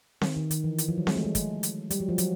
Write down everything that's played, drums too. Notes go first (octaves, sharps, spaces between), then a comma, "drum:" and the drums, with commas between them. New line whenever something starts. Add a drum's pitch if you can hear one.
D#3, drum: snare C4
D#3
D#3, drum: hi-hat
E3
drum: hi-hat
F3
F#3
G#3, drum: snare C4
A3
G#3
drum: kick, hi-hat
drum: hi-hat
G3, drum: hi-hat
F#3
F3
F#3, drum: hi-hat